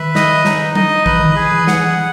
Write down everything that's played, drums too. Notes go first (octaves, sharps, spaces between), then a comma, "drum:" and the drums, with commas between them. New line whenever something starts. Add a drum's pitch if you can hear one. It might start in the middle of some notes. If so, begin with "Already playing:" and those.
Already playing: D#3 B4 E5
D#5, drum: snare
D#4, drum: snare
D#5, drum: tom F#3
E3 B4, drum: kick
D#3
E3 G#4
E3
F#5, drum: snare